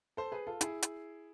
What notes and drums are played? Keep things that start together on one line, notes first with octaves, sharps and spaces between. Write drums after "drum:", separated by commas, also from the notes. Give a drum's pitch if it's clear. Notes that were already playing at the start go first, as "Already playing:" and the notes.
A4 C5
G#4 B4
F4 A4
E4 G#4, drum: hi-hat
drum: hi-hat